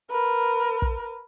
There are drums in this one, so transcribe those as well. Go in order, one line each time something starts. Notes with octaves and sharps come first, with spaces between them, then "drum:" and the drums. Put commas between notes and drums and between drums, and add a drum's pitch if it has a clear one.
A#4 B4
drum: kick